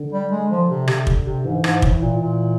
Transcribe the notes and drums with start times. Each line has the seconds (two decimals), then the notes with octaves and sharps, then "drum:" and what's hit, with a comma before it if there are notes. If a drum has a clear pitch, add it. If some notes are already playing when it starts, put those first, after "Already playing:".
Already playing: D3
0.12 G3
0.31 G#3
0.50 F3
0.69 C3
0.88 C3, drum: rim click
1.07 drum: kick
1.26 C3
1.44 G#2 E3
1.64 G#2, drum: rim click
1.82 A2, drum: kick
2.01 A#2
2.20 A#2